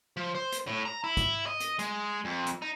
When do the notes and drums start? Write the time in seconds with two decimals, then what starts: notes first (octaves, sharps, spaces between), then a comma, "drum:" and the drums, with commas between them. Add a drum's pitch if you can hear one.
0.17 F3
0.35 C5
0.52 drum: hi-hat
0.67 A2
0.85 A#5
1.04 E4
1.17 drum: kick, hi-hat
1.46 D#5
1.60 drum: hi-hat
1.79 G#3, drum: hi-hat
2.25 F2
2.47 drum: hi-hat
2.62 D#4